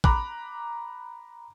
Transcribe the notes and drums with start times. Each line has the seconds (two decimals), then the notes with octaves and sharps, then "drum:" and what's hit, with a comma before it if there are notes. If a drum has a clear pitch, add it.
0.04 A#5 B5 D6 F#6, drum: kick